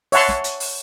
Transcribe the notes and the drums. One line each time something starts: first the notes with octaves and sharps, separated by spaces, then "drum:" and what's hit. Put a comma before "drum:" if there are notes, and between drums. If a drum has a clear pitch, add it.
C#5 E5 F#5 A5 C6, drum: open hi-hat
drum: snare
drum: hi-hat
drum: open hi-hat